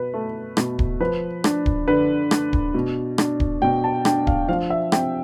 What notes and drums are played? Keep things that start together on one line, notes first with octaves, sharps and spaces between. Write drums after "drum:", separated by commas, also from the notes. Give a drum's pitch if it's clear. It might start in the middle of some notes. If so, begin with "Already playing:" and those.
Already playing: B2 B4
A3
B2, drum: rim click
drum: kick D1
F3 B4
D4, drum: rim click
drum: kick D1
D3 B4
D4, drum: rim click
drum: kick D1
B2
D4, drum: rim click
drum: kick D1
B2 G5
A5
D4 G5, drum: rim click
F5, drum: kick D1
F3 F5
E5
C3 G5, drum: rim click